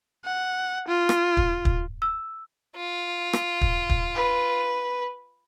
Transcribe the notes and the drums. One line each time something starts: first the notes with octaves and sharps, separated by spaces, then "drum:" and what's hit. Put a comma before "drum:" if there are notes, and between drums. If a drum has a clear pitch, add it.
F#5
F4
drum: rim click
drum: kick
drum: kick
E6
F4
drum: rim click
drum: kick
drum: kick
B4